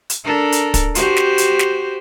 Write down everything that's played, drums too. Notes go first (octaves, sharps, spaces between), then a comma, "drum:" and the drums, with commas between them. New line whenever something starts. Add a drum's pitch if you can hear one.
drum: hi-hat
D4 A4 A#4
drum: hi-hat
drum: kick, hi-hat
F#4 G4 C5, drum: hi-hat
drum: snare
drum: hi-hat
drum: snare